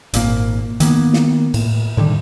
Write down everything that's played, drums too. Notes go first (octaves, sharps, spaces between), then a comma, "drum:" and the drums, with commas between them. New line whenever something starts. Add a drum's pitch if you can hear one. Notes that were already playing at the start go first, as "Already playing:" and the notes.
G#1 A#2 A#3, drum: hi-hat
D#3 A#3 B3, drum: hi-hat
drum: snare
A2, drum: cymbal
A2 D3 D#3 G3